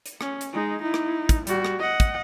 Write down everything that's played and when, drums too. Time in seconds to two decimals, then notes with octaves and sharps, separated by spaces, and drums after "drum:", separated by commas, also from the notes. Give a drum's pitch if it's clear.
0.06 drum: hi-hat
0.21 C#4, drum: rim click
0.41 drum: hi-hat
0.53 G#3 D#4
0.82 D#4 E4
0.94 drum: rim click
1.29 drum: kick, hi-hat
1.47 G3 F#4, drum: hi-hat
1.65 drum: rim click
1.79 D#5 F#5
2.00 drum: kick, hi-hat